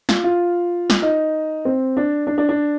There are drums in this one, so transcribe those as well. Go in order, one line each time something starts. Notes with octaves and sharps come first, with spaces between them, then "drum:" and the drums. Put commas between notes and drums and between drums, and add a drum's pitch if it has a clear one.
F4, drum: snare
F4
drum: snare
D#4
C4
D4
D4
D4
D4